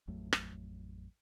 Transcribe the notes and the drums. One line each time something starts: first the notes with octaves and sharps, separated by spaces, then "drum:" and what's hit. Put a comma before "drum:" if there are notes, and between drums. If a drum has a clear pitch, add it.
A1 F2 F#3 A3
drum: rim click